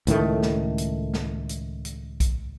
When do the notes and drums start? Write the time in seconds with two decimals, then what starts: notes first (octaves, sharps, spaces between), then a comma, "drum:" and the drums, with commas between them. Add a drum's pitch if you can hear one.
0.07 C#2 A2 D#3 A3, drum: hi-hat
0.43 drum: snare
0.78 drum: hi-hat
1.14 drum: snare
1.49 drum: hi-hat
1.85 drum: hi-hat
2.20 drum: kick, hi-hat